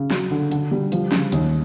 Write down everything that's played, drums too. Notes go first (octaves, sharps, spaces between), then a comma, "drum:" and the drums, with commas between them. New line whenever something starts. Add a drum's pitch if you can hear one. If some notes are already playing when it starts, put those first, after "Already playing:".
Already playing: C#3
F#3, drum: snare
D3
D3, drum: hi-hat
G3
F3, drum: hi-hat
C#3, drum: snare
D#2, drum: hi-hat